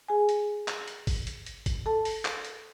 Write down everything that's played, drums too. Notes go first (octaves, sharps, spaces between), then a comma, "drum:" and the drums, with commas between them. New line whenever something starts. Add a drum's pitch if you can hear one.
G#4 G#5
drum: hi-hat
drum: clap
drum: hi-hat
drum: kick G#1, open hi-hat
drum: hi-hat
drum: hi-hat
drum: kick G#1, hi-hat
A4 A5
drum: open hi-hat
drum: clap
drum: hi-hat